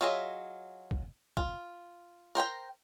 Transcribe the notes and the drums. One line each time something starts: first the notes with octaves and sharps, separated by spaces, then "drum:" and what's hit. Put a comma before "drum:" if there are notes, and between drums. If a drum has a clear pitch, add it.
F#3 F4 G#4 D#5 E5
drum: kick
F4, drum: kick
A#4 C5 G5 A#5